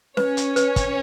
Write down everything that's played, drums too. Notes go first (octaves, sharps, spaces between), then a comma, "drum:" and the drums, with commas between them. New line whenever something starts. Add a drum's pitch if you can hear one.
C#4 B4 C#5, drum: snare C#4
drum: hi-hat
B4, drum: hi-hat
drum: kick, hi-hat